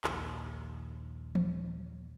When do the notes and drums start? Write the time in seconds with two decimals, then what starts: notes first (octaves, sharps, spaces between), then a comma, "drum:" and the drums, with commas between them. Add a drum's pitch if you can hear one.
0.04 A#1 D#2, drum: clap
1.35 drum: tom E3